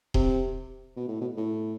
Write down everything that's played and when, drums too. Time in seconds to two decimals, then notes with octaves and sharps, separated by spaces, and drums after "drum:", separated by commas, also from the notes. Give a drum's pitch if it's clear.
0.14 C3, drum: kick D#1
0.96 B2
1.08 A2
1.21 B2
1.37 A2